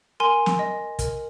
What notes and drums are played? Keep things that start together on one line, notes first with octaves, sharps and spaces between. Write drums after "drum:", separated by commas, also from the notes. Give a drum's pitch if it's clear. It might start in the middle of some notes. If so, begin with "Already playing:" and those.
A#4 G#5 C6
drum: snare
D#5
A#4, drum: kick, hi-hat